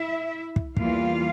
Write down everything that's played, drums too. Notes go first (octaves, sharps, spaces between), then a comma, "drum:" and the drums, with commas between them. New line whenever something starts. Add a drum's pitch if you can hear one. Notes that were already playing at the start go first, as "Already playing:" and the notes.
Already playing: E4 E5
drum: kick
E2 E3 G3 A#3 F4 F5, drum: kick